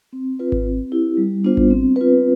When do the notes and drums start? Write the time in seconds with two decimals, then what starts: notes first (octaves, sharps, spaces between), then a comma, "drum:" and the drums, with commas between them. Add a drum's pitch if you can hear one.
0.13 C4
0.39 F4 B4
0.52 drum: kick G#1
0.66 C4
0.92 E4 G4
1.17 G3
1.44 B3 D4 F4 C5
1.57 drum: kick G#1
1.70 C4
1.96 F4 B4